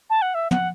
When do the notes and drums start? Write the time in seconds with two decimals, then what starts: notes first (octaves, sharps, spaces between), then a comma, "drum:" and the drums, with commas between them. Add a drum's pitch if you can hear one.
0.10 A5
0.22 F#5
0.35 E5
0.51 F#5, drum: tom